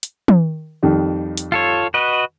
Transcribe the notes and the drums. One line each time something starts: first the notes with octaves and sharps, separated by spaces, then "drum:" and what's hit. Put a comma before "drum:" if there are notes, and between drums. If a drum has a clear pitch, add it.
drum: hi-hat
drum: tom
F2 D#3 G3
drum: hi-hat
F4 A4 C#5
F#4 B4 D#5